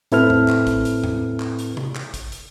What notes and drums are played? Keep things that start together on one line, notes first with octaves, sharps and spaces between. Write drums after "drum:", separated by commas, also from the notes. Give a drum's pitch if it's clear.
A2 C4 E4 A4 B4 F6, drum: hi-hat
drum: tom E2
drum: clap
drum: kick, hi-hat
drum: hi-hat
drum: tom E2
drum: clap
drum: hi-hat
drum: tom C3
drum: clap
drum: kick, hi-hat
drum: hi-hat